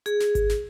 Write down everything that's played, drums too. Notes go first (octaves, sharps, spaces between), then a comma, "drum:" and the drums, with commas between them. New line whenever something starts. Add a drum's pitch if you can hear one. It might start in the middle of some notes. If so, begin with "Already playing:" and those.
G#4, drum: hi-hat
drum: snare
drum: kick G#1, hi-hat
drum: snare